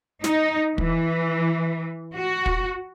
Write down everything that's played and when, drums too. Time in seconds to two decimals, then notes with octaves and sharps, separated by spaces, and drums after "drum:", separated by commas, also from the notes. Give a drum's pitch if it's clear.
0.24 D#4, drum: snare
0.78 E3, drum: kick
2.16 F#4
2.46 drum: kick